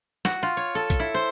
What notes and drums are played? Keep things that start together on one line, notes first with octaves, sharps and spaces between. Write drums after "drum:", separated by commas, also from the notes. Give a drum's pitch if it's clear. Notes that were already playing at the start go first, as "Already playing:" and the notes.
F#4, drum: snare
F4
C#5
A4
drum: kick B1, hi-hat
E4
C5